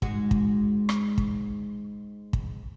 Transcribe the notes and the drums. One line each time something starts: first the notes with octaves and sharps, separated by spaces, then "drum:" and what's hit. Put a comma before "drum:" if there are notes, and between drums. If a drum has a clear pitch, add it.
G#2 G#3 F#4, drum: kick
drum: kick
drum: rim click
drum: kick
drum: kick